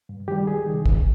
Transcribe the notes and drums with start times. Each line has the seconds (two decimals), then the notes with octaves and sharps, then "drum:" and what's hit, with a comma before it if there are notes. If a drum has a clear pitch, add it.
0.09 G2
0.28 D#3 G3 G4
0.47 C2 G#4
0.67 C3 D#3
0.86 C2, drum: kick